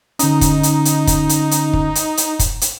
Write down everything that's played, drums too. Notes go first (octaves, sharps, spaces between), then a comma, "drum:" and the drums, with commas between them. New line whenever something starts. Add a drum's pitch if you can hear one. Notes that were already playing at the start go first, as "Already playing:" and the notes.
D3 C#4 D#4, drum: hi-hat
drum: kick, hi-hat
drum: hi-hat
drum: hi-hat
drum: kick, hi-hat
drum: hi-hat
drum: hi-hat
drum: kick
drum: hi-hat
drum: hi-hat
drum: kick, hi-hat
drum: hi-hat